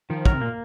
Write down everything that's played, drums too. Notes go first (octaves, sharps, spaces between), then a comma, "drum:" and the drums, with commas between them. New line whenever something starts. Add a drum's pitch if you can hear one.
D#3 F3
F#3 A#4, drum: kick
C3
A#2 A#3